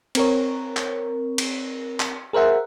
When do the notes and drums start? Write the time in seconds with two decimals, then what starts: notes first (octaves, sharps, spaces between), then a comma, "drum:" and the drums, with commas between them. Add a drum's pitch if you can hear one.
0.15 C4 A#4 C#5, drum: cymbal
0.77 drum: clap
1.38 drum: cymbal
2.00 drum: clap
2.33 G#4 A#4 C5 E5 F#5